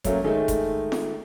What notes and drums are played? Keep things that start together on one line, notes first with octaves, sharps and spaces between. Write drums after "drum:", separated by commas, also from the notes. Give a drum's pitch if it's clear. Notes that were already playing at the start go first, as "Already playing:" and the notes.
F#3 A3 A#3 C#4, drum: kick F1, hi-hat
D#3 G#3 A3
drum: kick F1, hi-hat
drum: snare